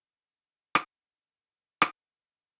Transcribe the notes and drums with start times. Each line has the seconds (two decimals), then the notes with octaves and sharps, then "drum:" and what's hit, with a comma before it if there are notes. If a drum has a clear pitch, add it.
0.75 drum: rim click
1.27 G#2 F3 C#4 A#4
1.82 drum: rim click
1.95 D#2 G#2 G#3 B4